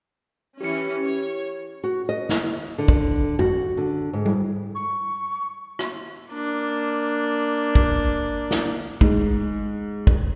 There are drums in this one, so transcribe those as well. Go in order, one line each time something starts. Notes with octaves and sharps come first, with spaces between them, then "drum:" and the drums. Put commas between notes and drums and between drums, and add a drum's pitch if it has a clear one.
E3 C#4 G4 C#7
C#5
F#4
D#5
drum: snare
D3
drum: kick
F#4, drum: tom F#2
D3
G#2
drum: tom G3
C#6
drum: rim click
A#3 D4
drum: kick
drum: snare
G#2, drum: kick
drum: kick